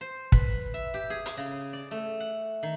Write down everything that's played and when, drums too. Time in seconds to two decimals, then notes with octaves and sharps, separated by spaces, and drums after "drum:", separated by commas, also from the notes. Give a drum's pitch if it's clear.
0.01 C5
0.32 B4, drum: kick
0.74 E5
0.94 G4
1.10 G#4
1.26 drum: hi-hat
1.37 C#3
1.73 D5
1.91 A3
2.20 F#5
2.63 D#3